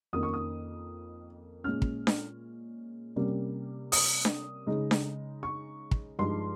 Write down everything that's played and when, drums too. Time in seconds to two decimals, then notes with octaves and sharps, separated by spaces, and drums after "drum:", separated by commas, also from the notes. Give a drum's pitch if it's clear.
0.13 F2 D#3 A#3 C#4 D#6
0.23 C#6
0.34 D#6
1.64 A#2 G#3 C#4 F6
1.82 drum: kick
2.07 drum: snare D4
3.16 C3 G3 A#3 C#4
3.92 D#6, drum: open hi-hat
4.25 drum: snare D4
4.67 C#3 G#3 D#4
4.91 drum: snare D4
5.43 C#6
5.91 drum: kick
6.19 G2 F3 G#3 D#4 C6